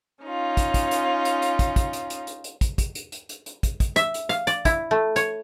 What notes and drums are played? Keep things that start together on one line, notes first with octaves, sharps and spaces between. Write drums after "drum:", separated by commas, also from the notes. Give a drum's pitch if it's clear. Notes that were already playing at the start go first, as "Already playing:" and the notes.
C#4 D#4 F4
drum: kick, hi-hat
drum: kick, hi-hat
drum: hi-hat
drum: hi-hat
drum: hi-hat
drum: kick, hi-hat
drum: kick, hi-hat
drum: hi-hat
drum: hi-hat
drum: hi-hat
drum: hi-hat
drum: kick, hi-hat
drum: kick, hi-hat
drum: hi-hat
drum: hi-hat
drum: hi-hat
drum: hi-hat
drum: kick, hi-hat
drum: kick, hi-hat
E5, drum: hi-hat
drum: hi-hat
F5, drum: hi-hat
D5, drum: hi-hat
E4, drum: kick, hi-hat
A3
C#5, drum: hi-hat